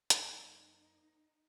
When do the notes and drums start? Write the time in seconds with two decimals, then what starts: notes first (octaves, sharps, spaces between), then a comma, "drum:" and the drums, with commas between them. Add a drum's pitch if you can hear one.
0.10 F#2 A#3 C4 D#4, drum: hi-hat